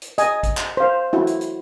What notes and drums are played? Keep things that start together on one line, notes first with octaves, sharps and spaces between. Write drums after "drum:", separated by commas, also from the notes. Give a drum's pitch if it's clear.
drum: hi-hat
D#5 G#5, drum: hi-hat
drum: kick A1, hi-hat
drum: clap
C5 F5
E4 F#4
drum: hi-hat
drum: hi-hat